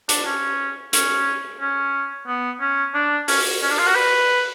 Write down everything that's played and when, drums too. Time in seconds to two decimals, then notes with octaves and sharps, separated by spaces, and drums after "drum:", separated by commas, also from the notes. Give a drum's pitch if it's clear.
0.09 D4, drum: hi-hat
0.26 C#4
0.93 C#4, drum: hi-hat
1.60 C#4
2.27 B3
2.61 C#4
2.95 D4
3.28 C#4, drum: open hi-hat
3.62 C#4
3.70 D4
3.79 F4
3.87 F#4
3.95 B4